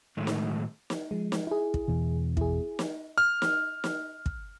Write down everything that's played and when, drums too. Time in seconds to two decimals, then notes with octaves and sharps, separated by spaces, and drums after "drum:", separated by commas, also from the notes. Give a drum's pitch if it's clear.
0.17 A2 D#3 F#3 G#3 A3
0.27 drum: snare
0.90 drum: snare
1.11 F3 G#3
1.32 drum: snare
1.47 E4 G#4
1.74 drum: kick
1.88 E2 B2 E3
2.37 E4 G#4, drum: kick
2.79 drum: snare
3.18 F6
3.42 drum: snare
3.84 drum: snare
4.26 drum: kick